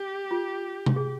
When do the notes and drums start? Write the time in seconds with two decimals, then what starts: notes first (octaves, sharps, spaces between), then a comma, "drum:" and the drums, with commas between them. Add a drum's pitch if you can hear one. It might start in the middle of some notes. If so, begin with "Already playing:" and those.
Already playing: G4
0.31 F4
0.86 drum: tom C3
0.96 G#4